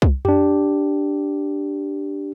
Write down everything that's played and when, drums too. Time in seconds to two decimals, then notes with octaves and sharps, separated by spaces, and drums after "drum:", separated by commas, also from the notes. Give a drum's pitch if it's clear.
0.02 drum: kick
0.25 D4 G4, drum: tom F2